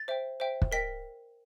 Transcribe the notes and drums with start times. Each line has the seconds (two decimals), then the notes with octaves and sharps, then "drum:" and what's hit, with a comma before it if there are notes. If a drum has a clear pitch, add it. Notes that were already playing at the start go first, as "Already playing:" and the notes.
Already playing: A6
0.08 C5 E5 G5
0.40 C5 E5 G5
0.62 drum: kick
0.72 A#4 D#5 G5 B6